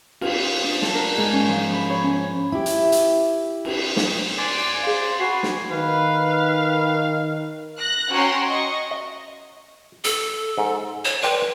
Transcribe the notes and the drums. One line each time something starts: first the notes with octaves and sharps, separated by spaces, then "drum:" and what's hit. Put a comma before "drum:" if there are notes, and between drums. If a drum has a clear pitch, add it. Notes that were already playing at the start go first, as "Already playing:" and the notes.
F4, drum: cymbal
D4
A5, drum: snare
A#4
G#2
C#4
F3
B5
C#5
C#4
E4 G4
drum: hi-hat
drum: hi-hat
drum: cymbal
drum: snare
D5 G#5 C6
G#4 C5 F5
F#4 G#5 B5 C7
drum: snare
D#3 B4 F5
F#6 A#6
C#4 F#4 G5 A#5 C6
D#5 C#6
D#5
A4, drum: hi-hat
G#2
C#5
B4 C5 D5 G5